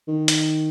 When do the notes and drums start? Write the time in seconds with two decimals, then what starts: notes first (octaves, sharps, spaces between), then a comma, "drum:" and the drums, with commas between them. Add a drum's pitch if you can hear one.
0.08 D#3
0.28 drum: hi-hat